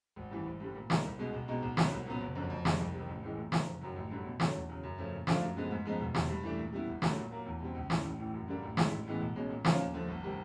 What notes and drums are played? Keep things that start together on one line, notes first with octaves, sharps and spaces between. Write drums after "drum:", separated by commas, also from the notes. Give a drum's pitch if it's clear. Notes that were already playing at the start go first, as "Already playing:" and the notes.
G#1
G2 E3
G#1
G2 D3 G3
A#2
G3 A#3 D#4, drum: snare
C2
B2 G#3 B3
B1
B2 G#3 C4 D#4
B1
B2 F#3 B3, drum: snare
C2
A#2 F#3 B3
F#1
F2 D3 F#3
F2
C3 F3 G#3, drum: snare
C2
C3 D#3
A1
A2 E3 G#3
A#2
F3 A#3, drum: snare
F#1
F#2 D#3 F#3
A1
G2 D3 F#3
B2
F#3 A3 C#4, drum: snare
E2
C#3 F#3
F#2
C#3 F3 A3 C#4
A#2
F3 A3 D4 F4, drum: snare
F#2
D3 F3 G#3 B3
G#2
F3 G#3 B3 D#4
E1
E2 C3, drum: snare
G2
E3 A3 D4
A#2
G3 B3 E4
G1
G2 D3 F#3 A3, drum: snare
A#2
F#3 A#3
E2
B2 G3 C4
C#2
C#3 E3, drum: snare
A1
A2 E3
F#2
D3 G3 A#3 D4
A1
G#2 E3 G#3, drum: snare
A1
A2 E3 G#3 B3
B1
B2 G#3 C#4
A#2
F3 A#3 C#4 F4, drum: snare
D#2
D3 F3 A3
G1
C3 D#3 G3